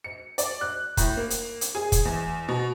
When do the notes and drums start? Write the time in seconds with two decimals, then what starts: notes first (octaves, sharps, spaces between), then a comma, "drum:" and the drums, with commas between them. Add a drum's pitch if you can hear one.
0.04 C#7
0.38 D5, drum: hi-hat
0.61 F#6
0.97 A2, drum: kick, hi-hat
1.17 A#3
1.30 drum: hi-hat
1.61 drum: hi-hat
1.75 G#4
1.92 drum: kick, hi-hat
2.05 E2
2.48 B2